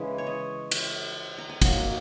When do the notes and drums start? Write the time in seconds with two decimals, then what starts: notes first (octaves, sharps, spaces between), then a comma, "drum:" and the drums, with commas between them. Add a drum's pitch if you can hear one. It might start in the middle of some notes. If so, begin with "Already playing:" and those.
Already playing: C#3 E3 G#3
0.18 C#5
0.27 D#5
0.71 E5, drum: cymbal
1.38 A#5
1.49 G#5
1.62 F#3 A#3 D#4 F#5, drum: kick, cymbal